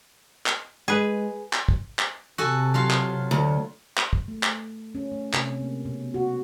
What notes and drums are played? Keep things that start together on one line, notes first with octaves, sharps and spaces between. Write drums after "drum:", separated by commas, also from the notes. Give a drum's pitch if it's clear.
drum: clap
G#3 G#4 B4
drum: clap
drum: kick
drum: clap
C3 F#4 A4 G#5
F#3 F4 F5
drum: clap
D2
drum: clap
drum: kick
A3
drum: clap
C#4
A3
C3, drum: clap
A#3
B2
F#4